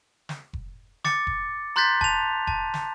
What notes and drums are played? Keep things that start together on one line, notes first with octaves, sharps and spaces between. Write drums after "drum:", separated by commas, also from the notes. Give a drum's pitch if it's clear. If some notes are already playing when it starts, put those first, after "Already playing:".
drum: snare
drum: kick F1
D6 A6 C#7, drum: snare
drum: kick F1
A#5 C6 F#6 G6 A6 B6
A5 F7, drum: kick F1
A5, drum: kick F1
drum: snare